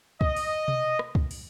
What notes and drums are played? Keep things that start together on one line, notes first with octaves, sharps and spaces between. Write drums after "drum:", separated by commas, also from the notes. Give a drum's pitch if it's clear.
D#5, drum: kick
drum: open hi-hat
drum: tom B2
drum: rim click
drum: kick
drum: open hi-hat